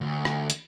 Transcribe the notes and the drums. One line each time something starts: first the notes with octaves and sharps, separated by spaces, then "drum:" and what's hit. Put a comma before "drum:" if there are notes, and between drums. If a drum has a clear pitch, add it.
D2
drum: rim click
drum: hi-hat